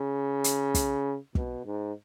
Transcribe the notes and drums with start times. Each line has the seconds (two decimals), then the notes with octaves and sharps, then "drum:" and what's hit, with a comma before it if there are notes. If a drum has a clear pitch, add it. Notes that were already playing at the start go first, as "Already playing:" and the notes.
Already playing: C#3
0.44 drum: hi-hat
0.75 drum: kick, hi-hat
1.35 B2, drum: kick
1.65 G#2